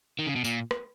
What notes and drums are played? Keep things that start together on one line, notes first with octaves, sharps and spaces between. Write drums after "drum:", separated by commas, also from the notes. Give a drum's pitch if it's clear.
D#3
C#3
B2
A#2, drum: tambourine
drum: rim click